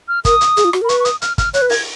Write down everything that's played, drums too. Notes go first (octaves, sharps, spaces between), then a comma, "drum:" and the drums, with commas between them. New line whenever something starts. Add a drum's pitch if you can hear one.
F6
A#4 D#6, drum: kick, hi-hat
drum: hi-hat
G#4, drum: hi-hat
F4
F#4, drum: rim click
A#4
B5
B4 C#6, drum: hi-hat
C#6
D#6, drum: hi-hat
F6, drum: hi-hat
F6, drum: kick, hi-hat
C#5 F#6, drum: hi-hat
B4
A#4 G#6, drum: open hi-hat